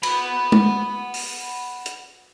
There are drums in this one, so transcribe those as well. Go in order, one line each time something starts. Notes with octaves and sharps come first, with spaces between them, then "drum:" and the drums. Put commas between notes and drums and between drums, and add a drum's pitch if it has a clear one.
F#5 B5, drum: cymbal
drum: tom
drum: open hi-hat
drum: hi-hat